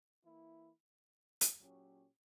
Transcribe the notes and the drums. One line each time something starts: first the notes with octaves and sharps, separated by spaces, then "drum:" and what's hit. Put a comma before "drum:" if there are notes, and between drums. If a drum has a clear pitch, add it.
E3 A#3 E4
drum: hi-hat
A#2 F#3 C#4 G4